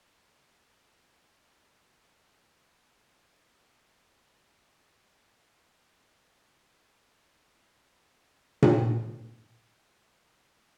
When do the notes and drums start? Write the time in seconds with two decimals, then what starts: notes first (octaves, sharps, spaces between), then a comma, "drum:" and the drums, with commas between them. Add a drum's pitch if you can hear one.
0.03 B4
1.28 E5 D6 D#6
3.02 G3 F#5
3.28 G4 F#5
3.53 A#3 F#5 G#5 B5
3.68 D#5 A#5 B5
3.91 B3 F#4 G4 C5
4.43 A4 C#5
6.93 C6
8.25 G#3 G4
8.62 drum: tom A#2